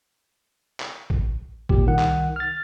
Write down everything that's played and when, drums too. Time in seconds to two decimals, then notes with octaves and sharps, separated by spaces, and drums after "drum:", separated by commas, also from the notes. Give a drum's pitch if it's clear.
0.80 drum: clap
1.10 drum: kick A1
1.69 A1 D#2 A#2 G4, drum: kick A1
1.86 C2 D#3 F#5
1.99 drum: clap
2.36 F6 A6